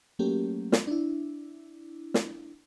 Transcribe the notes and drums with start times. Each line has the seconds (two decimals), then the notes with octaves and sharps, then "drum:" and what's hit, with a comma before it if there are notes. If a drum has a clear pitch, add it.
0.19 F#3 A3 A#3 C#4 G4
0.72 drum: snare
0.87 D4 E4
2.14 drum: snare